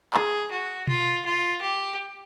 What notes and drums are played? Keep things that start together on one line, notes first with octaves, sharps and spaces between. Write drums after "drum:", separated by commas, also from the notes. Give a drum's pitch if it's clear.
G#4, drum: clap
F#4
F4, drum: tom B2
F4
G4